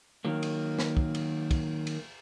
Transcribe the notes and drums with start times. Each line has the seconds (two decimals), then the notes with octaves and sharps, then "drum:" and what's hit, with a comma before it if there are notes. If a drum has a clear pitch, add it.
0.25 D#3 F#3 A#3
0.43 drum: cymbal
0.79 drum: snare
0.97 drum: kick
1.15 drum: cymbal
1.51 drum: kick, cymbal
1.87 drum: cymbal